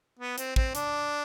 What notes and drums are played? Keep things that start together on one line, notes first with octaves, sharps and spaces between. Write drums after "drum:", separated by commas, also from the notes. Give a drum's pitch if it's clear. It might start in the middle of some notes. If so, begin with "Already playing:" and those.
B3
C4, drum: hi-hat
C4, drum: kick
D4, drum: hi-hat